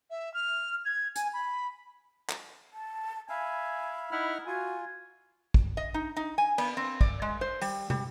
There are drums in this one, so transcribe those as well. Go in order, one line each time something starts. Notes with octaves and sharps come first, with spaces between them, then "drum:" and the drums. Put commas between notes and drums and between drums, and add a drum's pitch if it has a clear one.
E5
F6
G#6
G#5, drum: hi-hat
B5
drum: clap
A5
E5 F5 G#5 B5
D#4 E4 F#5 F6
F4 F#4 G#5
drum: kick
D#5
D#4
D#4
G#5
B3, drum: cymbal
C4
D5, drum: kick
G#3
C5
G3, drum: open hi-hat
G3, drum: tom